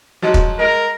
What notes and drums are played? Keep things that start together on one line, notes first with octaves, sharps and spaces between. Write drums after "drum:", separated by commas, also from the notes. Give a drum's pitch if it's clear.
F3 F#3 G#3
drum: kick
G#3 A#4